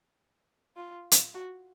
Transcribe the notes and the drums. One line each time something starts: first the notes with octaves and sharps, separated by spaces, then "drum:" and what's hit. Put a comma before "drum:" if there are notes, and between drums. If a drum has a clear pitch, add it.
F4
drum: hi-hat
F#4